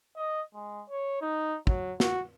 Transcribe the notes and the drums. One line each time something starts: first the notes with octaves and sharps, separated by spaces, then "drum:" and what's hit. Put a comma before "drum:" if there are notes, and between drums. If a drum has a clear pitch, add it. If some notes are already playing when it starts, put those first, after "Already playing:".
D#5
G#3
C#5
D#4
F#3, drum: kick
F#4, drum: snare